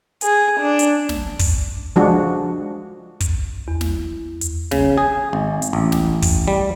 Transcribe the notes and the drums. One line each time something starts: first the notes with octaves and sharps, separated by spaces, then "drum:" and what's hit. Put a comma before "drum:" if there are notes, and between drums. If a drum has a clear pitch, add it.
G#4, drum: hi-hat
D4
drum: hi-hat
drum: snare
drum: kick, open hi-hat
F3 G#3 D4 F#4
drum: kick, hi-hat
E2
drum: snare
drum: hi-hat
C#3, drum: snare
G#4
G#1
drum: hi-hat
A1
drum: snare
drum: kick, open hi-hat
G3